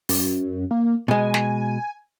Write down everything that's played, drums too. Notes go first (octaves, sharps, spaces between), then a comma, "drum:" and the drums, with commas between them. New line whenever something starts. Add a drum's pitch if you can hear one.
F#2, drum: open hi-hat
A#3
B2 G#3 G#5
drum: snare